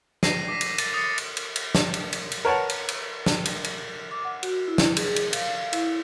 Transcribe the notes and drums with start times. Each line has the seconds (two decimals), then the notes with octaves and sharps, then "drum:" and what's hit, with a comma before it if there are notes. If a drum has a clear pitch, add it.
0.23 A#6 C7 D#7, drum: snare
0.48 D6 B6
0.61 drum: cymbal
0.78 A6, drum: cymbal
0.94 D#6 A6 C#7
1.18 drum: cymbal
1.37 drum: cymbal
1.56 drum: cymbal
1.75 drum: snare
1.94 drum: cymbal
2.13 drum: cymbal
2.32 drum: cymbal
2.45 A#4 B4 C#5 F#5 A5 A#5
2.69 drum: cymbal
2.88 drum: cymbal
3.26 drum: snare
3.45 drum: cymbal
3.64 drum: cymbal
4.11 D6
4.25 F#5
4.43 F#4, drum: cymbal
4.68 E4
4.78 drum: snare
4.97 G#4, drum: cymbal
5.16 drum: cymbal
5.33 F5, drum: cymbal
5.58 F5
5.73 E4, drum: cymbal
5.87 E4